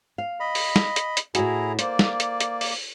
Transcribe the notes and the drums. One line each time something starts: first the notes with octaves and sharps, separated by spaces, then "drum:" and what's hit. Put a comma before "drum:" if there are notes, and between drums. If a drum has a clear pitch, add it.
F5
D#5 B5
drum: open hi-hat
drum: snare
drum: hi-hat
drum: hi-hat
A2 E4 F#4 G#4 A#5, drum: hi-hat
A#3 C5 D5, drum: hi-hat
drum: snare
drum: hi-hat
drum: hi-hat
drum: open hi-hat